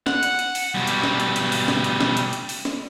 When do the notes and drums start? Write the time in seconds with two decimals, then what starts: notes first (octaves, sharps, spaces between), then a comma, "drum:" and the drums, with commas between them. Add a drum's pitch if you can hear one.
0.07 F#5, drum: snare
0.23 drum: hi-hat
0.39 drum: hi-hat
0.55 drum: open hi-hat
0.75 B2 G3
0.87 drum: hi-hat
1.04 drum: snare
1.20 drum: hi-hat
1.36 drum: hi-hat
1.52 drum: open hi-hat
1.68 drum: snare
1.84 drum: hi-hat
2.01 drum: snare
2.17 drum: hi-hat
2.33 drum: hi-hat
2.49 drum: open hi-hat
2.65 drum: snare